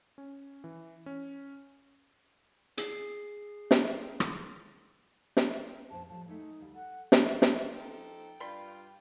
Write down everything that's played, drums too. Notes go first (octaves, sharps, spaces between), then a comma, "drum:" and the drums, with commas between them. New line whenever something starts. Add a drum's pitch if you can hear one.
C#4
E3
C#4
G#4 C7, drum: hi-hat
drum: snare
drum: rim click
drum: snare
F2 A#2 C5 A5
A2 F3 G3 A5
G#3 A3 D#4 E5
D2 G3 F5
A4 F#5
drum: snare
drum: snare
F3 D#4 A4 G5
G2 G3 F4 B5 C6